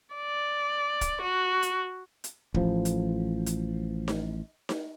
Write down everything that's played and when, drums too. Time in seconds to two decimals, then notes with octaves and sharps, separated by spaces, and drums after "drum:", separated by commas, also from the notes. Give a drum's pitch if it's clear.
0.14 D5
1.01 drum: kick, hi-hat
1.22 F#4
1.62 drum: hi-hat
2.24 drum: hi-hat
2.54 A1 F3, drum: kick
2.85 drum: hi-hat
3.46 drum: hi-hat
4.08 drum: snare D#4
4.69 drum: snare D#4